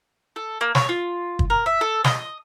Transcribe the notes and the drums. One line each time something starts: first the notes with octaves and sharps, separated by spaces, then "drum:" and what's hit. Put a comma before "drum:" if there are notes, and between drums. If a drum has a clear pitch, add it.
A4
A#3
C#5, drum: snare
F4
drum: kick
A#4
E5
A4
D#5, drum: snare